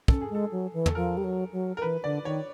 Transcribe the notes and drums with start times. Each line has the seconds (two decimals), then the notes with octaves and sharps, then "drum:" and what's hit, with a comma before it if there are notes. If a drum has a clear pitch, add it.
0.08 C#4 A4, drum: kick
0.22 G#4
0.30 G#3 A4
0.52 F#3
0.73 E3
0.86 A4, drum: tom
0.95 F3 A#4
1.17 G3
1.24 F#3
1.52 F#3
1.77 A#4
1.82 E3 B4
2.04 D3 D5
2.25 D#3 C#5